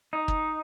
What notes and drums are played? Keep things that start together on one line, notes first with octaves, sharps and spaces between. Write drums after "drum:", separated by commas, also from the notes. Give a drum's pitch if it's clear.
D#4
drum: kick